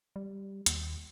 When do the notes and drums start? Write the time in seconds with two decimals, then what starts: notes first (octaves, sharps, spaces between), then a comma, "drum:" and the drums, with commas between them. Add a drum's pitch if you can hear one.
0.16 G3
0.66 D#2, drum: hi-hat